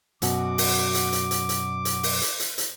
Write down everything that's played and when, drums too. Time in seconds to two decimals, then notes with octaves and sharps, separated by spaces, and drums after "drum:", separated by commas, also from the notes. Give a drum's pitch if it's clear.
0.22 F#2 B2 F#4 D6, drum: hi-hat
0.58 drum: open hi-hat
0.94 drum: hi-hat
1.13 drum: hi-hat
1.31 drum: hi-hat
1.49 drum: hi-hat
1.85 drum: hi-hat
2.03 drum: open hi-hat
2.21 drum: hi-hat
2.40 drum: hi-hat
2.58 drum: hi-hat